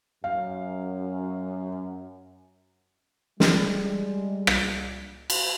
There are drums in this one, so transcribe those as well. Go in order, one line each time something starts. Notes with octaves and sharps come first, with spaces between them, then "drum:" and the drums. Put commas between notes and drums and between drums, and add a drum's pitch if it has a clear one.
F#2 F5
G3 G#3, drum: snare
drum: rim click
drum: cymbal